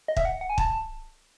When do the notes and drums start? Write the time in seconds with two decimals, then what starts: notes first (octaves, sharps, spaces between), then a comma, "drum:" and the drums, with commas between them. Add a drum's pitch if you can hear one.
0.08 D#5
0.17 E5, drum: kick
0.25 F#5
0.41 F#5
0.50 G#5
0.58 A5, drum: kick